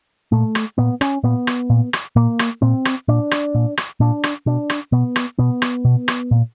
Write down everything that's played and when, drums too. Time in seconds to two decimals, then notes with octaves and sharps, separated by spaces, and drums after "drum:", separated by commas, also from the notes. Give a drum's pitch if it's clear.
0.32 A#2 A3
0.55 drum: rim click
0.78 A#2 B3
1.01 C#4, drum: rim click
1.23 A#2 B3
1.47 drum: rim click
1.70 A#2
1.93 drum: rim click
2.16 A#2 A#3
2.39 drum: rim click
2.62 A#2 C4
2.85 drum: rim click
3.08 A#2 D4
3.31 drum: rim click
3.55 A#2
3.77 drum: rim click
4.00 A#2 D4
4.23 drum: rim click
4.46 B2 D4
4.70 drum: rim click
4.92 B2 B3
5.16 drum: rim click
5.38 B2 B3
5.62 drum: rim click
5.85 B2
6.08 drum: rim click
6.31 A#2